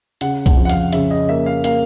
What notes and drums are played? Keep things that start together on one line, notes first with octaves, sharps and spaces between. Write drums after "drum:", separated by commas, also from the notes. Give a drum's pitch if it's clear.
C#3 F#5, drum: hi-hat
F#5, drum: kick, hi-hat
F2
F#5
F5, drum: hi-hat
C#3 E5, drum: hi-hat
D#5
A#3 E5
F5
A#3 F5, drum: hi-hat